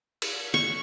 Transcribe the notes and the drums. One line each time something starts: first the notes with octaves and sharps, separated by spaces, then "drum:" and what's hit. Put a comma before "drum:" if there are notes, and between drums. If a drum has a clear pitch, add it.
drum: cymbal
C#6